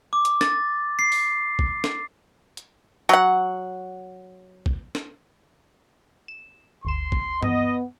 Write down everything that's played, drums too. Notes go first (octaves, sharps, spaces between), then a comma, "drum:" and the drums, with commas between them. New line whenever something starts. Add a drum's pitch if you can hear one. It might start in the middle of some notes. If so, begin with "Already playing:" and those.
D6
drum: hi-hat
A6, drum: snare
C7
drum: open hi-hat
drum: kick
drum: snare
drum: hi-hat
F#3 F#5, drum: tambourine
drum: kick
drum: snare
E7
G1 D2 C6 E7
drum: kick
B3 D#5, drum: tom G2